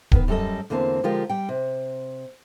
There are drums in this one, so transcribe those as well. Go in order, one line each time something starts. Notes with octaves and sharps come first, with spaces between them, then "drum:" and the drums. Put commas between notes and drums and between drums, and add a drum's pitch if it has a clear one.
D#3 B3 B4, drum: kick D1
F#2 G3 A4 D#5
E2 D3 A#3 C4 A5
D3 F3 G#3 F4 G4 A#4
G3 G5
C3